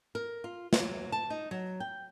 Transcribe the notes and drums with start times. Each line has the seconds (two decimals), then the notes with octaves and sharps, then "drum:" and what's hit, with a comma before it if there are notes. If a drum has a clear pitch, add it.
0.15 A#4
0.44 F4
0.73 F#3, drum: snare
1.12 A5
1.30 D#4
1.51 F#3
1.80 G5